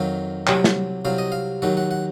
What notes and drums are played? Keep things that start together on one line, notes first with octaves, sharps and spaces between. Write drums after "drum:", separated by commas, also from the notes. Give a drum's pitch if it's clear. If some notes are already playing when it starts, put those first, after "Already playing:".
Already playing: F2 D#3 F#3 F5
C2 C3 F#3, drum: clap
drum: snare
C2 C3 F#3 F5
D#5
F5
D#2 D#3 F#3 F#5
F#5
F#5